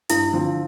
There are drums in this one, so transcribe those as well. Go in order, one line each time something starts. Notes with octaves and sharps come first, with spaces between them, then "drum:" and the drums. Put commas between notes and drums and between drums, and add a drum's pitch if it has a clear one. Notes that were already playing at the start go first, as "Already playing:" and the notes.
G2 E4, drum: hi-hat
D3 F3 C4